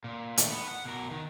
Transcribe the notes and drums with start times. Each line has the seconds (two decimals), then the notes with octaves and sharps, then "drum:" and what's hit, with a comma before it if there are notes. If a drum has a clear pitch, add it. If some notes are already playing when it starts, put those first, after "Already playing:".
0.04 A#2
0.37 D#3 A3, drum: hi-hat
0.51 B3
0.68 F#5
0.85 B2 A#4
1.11 D#3